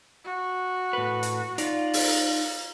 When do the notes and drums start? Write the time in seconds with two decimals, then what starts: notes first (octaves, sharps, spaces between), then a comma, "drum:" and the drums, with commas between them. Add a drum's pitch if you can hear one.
0.24 F#4
0.93 A2 B4
1.23 drum: hi-hat
1.58 D#4 F4 D5, drum: hi-hat
1.93 drum: open hi-hat